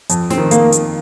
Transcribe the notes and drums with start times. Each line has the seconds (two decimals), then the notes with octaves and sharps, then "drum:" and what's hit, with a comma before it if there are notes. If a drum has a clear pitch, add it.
0.10 F2, drum: hi-hat
0.30 C4, drum: snare
0.37 D#3
0.51 A#3, drum: hi-hat
0.73 drum: hi-hat